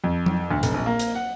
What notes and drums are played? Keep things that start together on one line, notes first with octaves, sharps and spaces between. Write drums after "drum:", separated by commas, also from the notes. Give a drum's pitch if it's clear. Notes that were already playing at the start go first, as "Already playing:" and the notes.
F2
drum: tom F#3
D2
F1, drum: hi-hat
A#1
A#3
drum: hi-hat
F#5